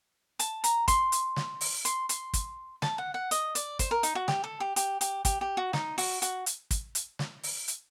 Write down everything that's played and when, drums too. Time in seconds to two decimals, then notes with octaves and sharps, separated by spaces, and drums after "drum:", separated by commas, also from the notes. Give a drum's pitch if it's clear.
0.39 A5, drum: hi-hat
0.64 A#5, drum: hi-hat
0.88 C6, drum: kick, hi-hat
1.12 drum: hi-hat
1.36 drum: snare
1.61 drum: open hi-hat
1.85 C6, drum: hi-hat
2.09 C6, drum: hi-hat
2.34 drum: kick, hi-hat
2.82 A5, drum: snare
2.98 F#5
3.14 F#5
3.31 D#5, drum: hi-hat
3.55 D5, drum: hi-hat
3.79 C5, drum: kick, hi-hat
3.91 A#4
4.03 D#4, drum: hi-hat
4.15 F#4
4.28 G4, drum: snare
4.44 A4
4.60 G4
4.76 G4, drum: hi-hat
5.01 G4, drum: hi-hat
5.25 G4, drum: kick, hi-hat
5.41 G4
5.57 F#4
5.73 D#4, drum: snare
5.98 F#4, drum: open hi-hat
6.22 F#4, drum: hi-hat
6.46 drum: hi-hat
6.71 drum: kick, hi-hat
6.95 drum: hi-hat
7.19 drum: snare
7.43 drum: open hi-hat
7.68 drum: hi-hat